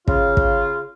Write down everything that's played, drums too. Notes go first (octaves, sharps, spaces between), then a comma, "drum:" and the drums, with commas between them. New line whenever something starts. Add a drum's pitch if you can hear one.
C#3 F4, drum: kick
drum: kick